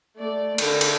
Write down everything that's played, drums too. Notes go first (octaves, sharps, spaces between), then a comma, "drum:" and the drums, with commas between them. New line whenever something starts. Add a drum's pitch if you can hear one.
A3 D5
D3 A#4, drum: cymbal
drum: cymbal